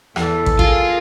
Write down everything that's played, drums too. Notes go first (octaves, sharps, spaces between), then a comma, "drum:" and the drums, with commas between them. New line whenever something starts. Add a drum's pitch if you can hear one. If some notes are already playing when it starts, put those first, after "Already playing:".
E2 E3 A4, drum: rim click
drum: kick
F4 G#4 A#4, drum: kick